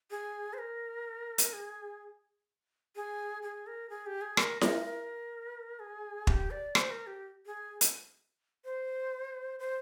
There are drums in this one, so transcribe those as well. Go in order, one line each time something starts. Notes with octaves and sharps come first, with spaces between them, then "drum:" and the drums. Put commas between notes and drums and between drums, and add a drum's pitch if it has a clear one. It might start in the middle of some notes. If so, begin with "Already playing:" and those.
G#4
C5
A#4
drum: hi-hat
G#4
G#4
G#4
A#4
G#4
G4
G#4
A#4, drum: rim click
A#4, drum: snare E4
A#4
G#4
G4, drum: kick
D5
C5, drum: rim click
A#4
G4
G#4
drum: hi-hat
C5
C5